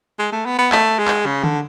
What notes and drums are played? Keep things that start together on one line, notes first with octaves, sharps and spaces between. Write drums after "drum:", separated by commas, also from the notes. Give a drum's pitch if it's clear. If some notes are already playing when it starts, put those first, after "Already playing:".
G#3
A3
B3
B3
A3, drum: clap
G#3
drum: clap
C#3
D3, drum: tom D3